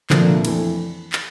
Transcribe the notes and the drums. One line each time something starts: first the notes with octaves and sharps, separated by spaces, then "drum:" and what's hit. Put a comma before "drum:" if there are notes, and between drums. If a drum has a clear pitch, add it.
C2 A#2 D3 F3 A3 D4 F4, drum: clap
F2 E3 A3 E4, drum: cymbal
drum: clap